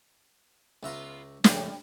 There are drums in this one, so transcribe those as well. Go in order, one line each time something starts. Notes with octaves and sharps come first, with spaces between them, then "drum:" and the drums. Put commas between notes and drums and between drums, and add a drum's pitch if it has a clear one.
C#2 B3 F4 E5 A#5
F2 A2 C#3 G3, drum: snare